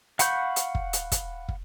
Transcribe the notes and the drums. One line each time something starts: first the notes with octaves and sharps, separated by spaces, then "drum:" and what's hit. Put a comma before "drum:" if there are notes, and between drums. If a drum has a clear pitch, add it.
F5 F#5 B5 C#6 G6, drum: hi-hat
drum: hi-hat
drum: kick
drum: hi-hat
drum: kick, hi-hat
drum: kick